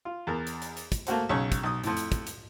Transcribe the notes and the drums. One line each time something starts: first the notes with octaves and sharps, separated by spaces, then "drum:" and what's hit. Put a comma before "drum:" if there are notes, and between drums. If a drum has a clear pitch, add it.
F4
E2 A#4
drum: hi-hat
drum: hi-hat
drum: hi-hat
drum: kick, hi-hat
A3 A#3 F#4 C5, drum: hi-hat
B1 C#3 C#5 C#6
drum: kick, hi-hat
B1 D#6
F2 A2, drum: hi-hat
drum: hi-hat
drum: kick, hi-hat
drum: hi-hat